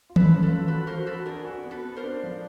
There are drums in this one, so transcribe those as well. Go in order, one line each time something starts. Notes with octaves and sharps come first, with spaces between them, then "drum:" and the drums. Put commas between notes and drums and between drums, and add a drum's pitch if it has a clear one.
F4
A4 B4, drum: tom D#3
C#4
A4 B4
F4
F#4 A4 B4
F#4 A#4 C5
F#4 A4 B4
D4 G#4 A#4
F#4
B3
A4 B4
B3
A#4 C5
D4
F3